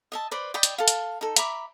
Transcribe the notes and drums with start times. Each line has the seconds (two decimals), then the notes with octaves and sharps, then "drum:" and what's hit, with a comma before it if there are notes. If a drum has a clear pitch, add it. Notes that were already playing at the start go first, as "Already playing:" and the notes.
0.12 D#5 E5 A5
0.31 B4 C5 D5 B5
0.54 D5 D#5 G5 B5
0.63 drum: hi-hat
0.78 A4 F5
0.88 drum: hi-hat
1.21 D#4 A4
1.36 E5 A#5 B5 D6, drum: hi-hat